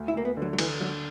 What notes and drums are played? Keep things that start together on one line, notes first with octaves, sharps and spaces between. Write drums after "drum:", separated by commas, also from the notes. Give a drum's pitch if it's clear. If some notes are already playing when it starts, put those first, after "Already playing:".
Already playing: D2
E4
D2 A#3
B3
D3
F#3
F#3
D3 E3, drum: cymbal
D3 F#3